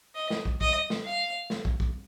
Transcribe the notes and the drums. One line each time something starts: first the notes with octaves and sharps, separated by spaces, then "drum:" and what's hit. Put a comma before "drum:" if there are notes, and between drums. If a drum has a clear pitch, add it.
D#5
drum: snare
drum: kick
D#5, drum: kick
drum: snare
F5
drum: snare
drum: kick
drum: kick